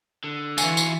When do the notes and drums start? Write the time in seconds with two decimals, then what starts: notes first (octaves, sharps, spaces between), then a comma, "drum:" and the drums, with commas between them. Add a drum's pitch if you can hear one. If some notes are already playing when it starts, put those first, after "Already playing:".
0.24 D3
0.58 E3 F4 F#4 G#5, drum: tambourine
0.77 drum: tambourine